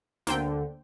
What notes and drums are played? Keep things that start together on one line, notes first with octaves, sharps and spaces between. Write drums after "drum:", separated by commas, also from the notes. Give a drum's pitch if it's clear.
D2 D3 A#3 C5 G5, drum: snare